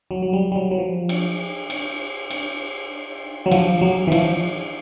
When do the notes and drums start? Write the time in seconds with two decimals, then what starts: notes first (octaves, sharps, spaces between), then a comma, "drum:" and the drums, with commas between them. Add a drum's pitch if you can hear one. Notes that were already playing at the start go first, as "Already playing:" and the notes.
0.11 F#3
0.22 F#3
0.33 G3
0.52 G3
0.56 F#3
0.71 F#3
0.78 F3
1.09 drum: cymbal
1.70 drum: cymbal
2.30 drum: cymbal
3.46 F#3
3.51 F3, drum: cymbal
3.81 F#3
4.07 E3
4.12 F3, drum: cymbal